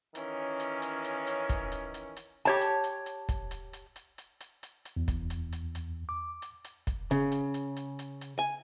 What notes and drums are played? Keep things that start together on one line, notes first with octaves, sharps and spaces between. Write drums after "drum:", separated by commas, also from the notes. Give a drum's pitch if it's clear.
D#3 E3 C#4, drum: hi-hat
drum: hi-hat
drum: hi-hat
drum: hi-hat
drum: hi-hat
drum: kick, hi-hat
drum: hi-hat
drum: hi-hat
drum: hi-hat
G4 C#5 A5
drum: hi-hat
drum: hi-hat
drum: hi-hat
drum: kick, hi-hat
drum: hi-hat
drum: hi-hat
drum: hi-hat
drum: hi-hat
drum: hi-hat
drum: hi-hat
drum: hi-hat
E2
drum: kick, hi-hat
drum: hi-hat
drum: hi-hat
drum: hi-hat
D6
drum: hi-hat
drum: hi-hat
drum: kick, hi-hat
C#3, drum: hi-hat
drum: hi-hat
drum: hi-hat
drum: hi-hat
drum: hi-hat
drum: hi-hat
G#5